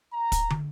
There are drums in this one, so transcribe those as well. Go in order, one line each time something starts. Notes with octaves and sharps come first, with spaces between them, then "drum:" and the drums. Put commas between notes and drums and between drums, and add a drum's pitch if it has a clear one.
A#5
drum: kick, hi-hat
drum: tom